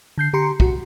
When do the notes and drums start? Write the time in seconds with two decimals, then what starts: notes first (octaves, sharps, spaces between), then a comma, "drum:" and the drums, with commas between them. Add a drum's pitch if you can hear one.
0.18 D3 G6 C7
0.33 D3 G4 A#5 C6 C7 C#7
0.60 B1 F#4, drum: kick